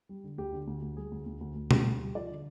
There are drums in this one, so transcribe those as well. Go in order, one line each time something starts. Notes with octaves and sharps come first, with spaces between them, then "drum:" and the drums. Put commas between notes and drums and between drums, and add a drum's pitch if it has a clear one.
G3
D3
D2 G4
D3
D2
D2
G3 G#4
D2
D2
D2
D2
G3, drum: tom
D2
G3
F3 D5
D3